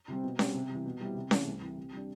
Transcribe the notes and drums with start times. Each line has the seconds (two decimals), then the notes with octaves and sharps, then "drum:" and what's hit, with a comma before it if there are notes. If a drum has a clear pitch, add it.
0.08 C3 G3 C4
0.24 B2
0.39 G3 C4, drum: snare C#4
0.55 C3
0.70 G3
0.75 E3
0.86 B2
1.01 G3 C4 E4
1.15 C3
1.31 E3 A3, drum: snare C#4
1.47 C2
1.61 C3 E3
1.77 C3
1.93 G3 D4